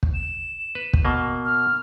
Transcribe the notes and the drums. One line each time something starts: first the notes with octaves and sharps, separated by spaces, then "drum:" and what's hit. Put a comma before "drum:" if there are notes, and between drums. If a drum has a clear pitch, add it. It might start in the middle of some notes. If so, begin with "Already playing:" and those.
drum: kick
E7
B4
drum: kick
B2 A#3
F6